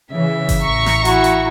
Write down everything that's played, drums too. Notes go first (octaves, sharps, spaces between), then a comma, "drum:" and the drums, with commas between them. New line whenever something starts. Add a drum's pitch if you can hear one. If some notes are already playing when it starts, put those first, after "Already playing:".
C#3 E3 E5
drum: kick G1, open hi-hat
A1 A#5 C#6
drum: snare
E4 F#4, drum: hi-hat
drum: hi-hat